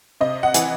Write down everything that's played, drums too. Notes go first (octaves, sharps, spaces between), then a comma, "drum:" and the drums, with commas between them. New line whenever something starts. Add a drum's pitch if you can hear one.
C3 D#5
F#5
E3, drum: hi-hat